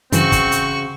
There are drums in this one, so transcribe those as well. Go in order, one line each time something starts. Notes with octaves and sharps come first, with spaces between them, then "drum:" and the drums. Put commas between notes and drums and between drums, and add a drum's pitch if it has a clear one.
G2 C#3 E3 C4 F#4 C#6, drum: hi-hat
drum: kick, hi-hat
drum: hi-hat